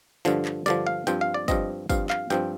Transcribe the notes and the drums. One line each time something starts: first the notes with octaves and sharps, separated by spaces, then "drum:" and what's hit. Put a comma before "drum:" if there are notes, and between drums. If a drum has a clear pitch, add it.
G2 D3 F3, drum: tambourine
drum: clap
G2 D3 F3 D5, drum: tambourine
F5
G2 F3 C4 G5, drum: tambourine
F5
D5
G2 F3 C4 D#5, drum: kick, tambourine
G2 F3 C4 F5, drum: kick, tambourine
F5, drum: clap
G2 F3 C4 G5, drum: tambourine